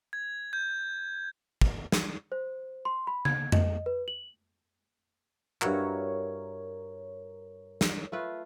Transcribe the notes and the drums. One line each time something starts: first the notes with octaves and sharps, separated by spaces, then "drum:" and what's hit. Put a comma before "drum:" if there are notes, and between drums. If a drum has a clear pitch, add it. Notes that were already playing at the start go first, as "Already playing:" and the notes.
G#6
G6
drum: kick
drum: snare
C5
C6
B5
G#6, drum: tom C#3
D#5, drum: tom F2
B4
F#7
G2 E4 F#4 A#4 C#5, drum: clap
drum: snare
A3 F4 B4